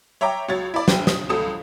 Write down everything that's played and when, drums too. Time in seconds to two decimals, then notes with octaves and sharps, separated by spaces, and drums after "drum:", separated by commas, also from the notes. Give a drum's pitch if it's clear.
0.21 C#5 E5 G5 A#5 D6
0.49 C#2 F#3 C#5 G#6 A6
0.74 E4 D5
0.88 F#1 G5, drum: snare
1.07 D#6, drum: snare
1.29 C#2 A4 D#6 E7